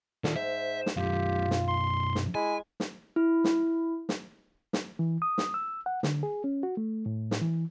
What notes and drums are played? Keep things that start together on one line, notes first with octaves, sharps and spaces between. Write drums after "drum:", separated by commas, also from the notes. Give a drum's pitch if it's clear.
D3 D#3 F4, drum: snare
G#2 C5 E5
drum: snare
B1 F#2 F4 G4
drum: snare
C6
drum: snare
G#3 E4 G#5
drum: snare
E4
drum: snare
drum: snare
drum: snare
E3
D#6
drum: snare
E6
F#5
D3, drum: snare
G#4
C#4
F#4
A3
A2
drum: snare
E3